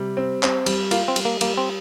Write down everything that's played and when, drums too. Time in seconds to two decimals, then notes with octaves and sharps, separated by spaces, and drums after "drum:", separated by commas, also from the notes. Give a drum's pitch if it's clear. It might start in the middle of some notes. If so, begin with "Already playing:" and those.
Already playing: C3 G3
0.17 C4
0.43 C4, drum: clap
0.66 G3, drum: cymbal
0.91 A#3 F4, drum: cymbal
1.08 C4
1.16 G3, drum: cymbal
1.25 A#3
1.41 G3 A#3, drum: cymbal
1.58 C4